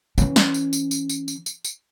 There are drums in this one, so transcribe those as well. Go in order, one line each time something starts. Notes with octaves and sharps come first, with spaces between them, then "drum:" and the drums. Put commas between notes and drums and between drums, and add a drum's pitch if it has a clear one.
E3 C#4, drum: tambourine
drum: snare
drum: tambourine
drum: tambourine
drum: tambourine
drum: tambourine
drum: tambourine
drum: tambourine
drum: tambourine